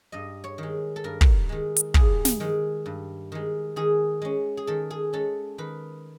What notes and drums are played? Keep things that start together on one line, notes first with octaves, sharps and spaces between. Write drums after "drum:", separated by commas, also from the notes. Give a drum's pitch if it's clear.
G2 D#5
C#5
D#3 G#3
A4
G2 A#4
drum: kick
D#3 G#3
drum: hi-hat
G2 G#4, drum: kick
drum: snare
D#3 G#3
G2
D#3 G#3
D#3 G#4
G#3 C#4
G#4
D#3 A4
G#4
G#3 C#4 A4
D#3 B4